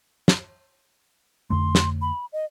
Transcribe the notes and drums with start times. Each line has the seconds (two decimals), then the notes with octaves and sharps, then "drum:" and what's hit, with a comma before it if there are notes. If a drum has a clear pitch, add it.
0.28 drum: snare
1.50 F2 D3 A3 C6
1.75 drum: snare
2.02 B5
2.33 D#5